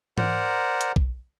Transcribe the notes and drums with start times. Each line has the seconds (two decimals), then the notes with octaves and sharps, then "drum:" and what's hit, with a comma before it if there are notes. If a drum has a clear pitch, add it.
0.18 A#4 C5 D5 F#5 A#5, drum: tom
0.81 drum: hi-hat
0.96 drum: kick B1